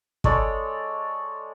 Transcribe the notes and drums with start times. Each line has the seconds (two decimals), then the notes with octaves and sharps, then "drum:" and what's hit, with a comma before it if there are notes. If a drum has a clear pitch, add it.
0.24 G#3 A4 C#5 D5, drum: kick